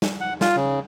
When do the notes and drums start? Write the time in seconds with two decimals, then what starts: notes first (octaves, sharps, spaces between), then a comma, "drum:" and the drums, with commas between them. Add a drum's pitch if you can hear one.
0.02 drum: snare
0.21 F#5
0.41 F4, drum: snare
0.56 C#3